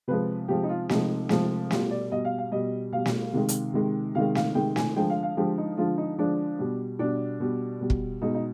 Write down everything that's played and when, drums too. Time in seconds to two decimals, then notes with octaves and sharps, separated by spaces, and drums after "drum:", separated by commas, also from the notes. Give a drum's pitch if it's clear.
0.08 C3 F3 G#3 B4
0.48 C3 F3 G#3 G4
0.63 D#4
0.69 F4
0.89 C3 F3 G#3 D#4, drum: snare
1.29 C3 F3 G#3, drum: snare
1.71 B2 G3 F4, drum: snare
1.91 D5
2.11 B2 G3 D#5
2.25 F5
2.38 F5
2.52 B2 G3 D#5
2.92 B2 G3 F5
3.06 drum: snare
3.33 C3 D#3 G#3
3.49 drum: hi-hat
3.74 C3 D#3 G#3
4.15 C3 D#3 G#3 F5
4.35 F5, drum: snare
4.55 C3 D#3 G#3 G5
4.76 G#5, drum: snare
4.96 D3 F3 G#3 G5
5.10 F5
5.23 F5
5.37 D3 F3 G#3 G4
5.58 D#4
5.77 D3 F3 G#3 F4
5.97 D#4
6.18 D3 F3 G#3 D4
6.59 B2 G3
6.99 B2 G3 D4
7.40 B2 G3
7.81 B2 G3
7.90 drum: kick
8.22 B2 G#3 D#4
8.34 D#4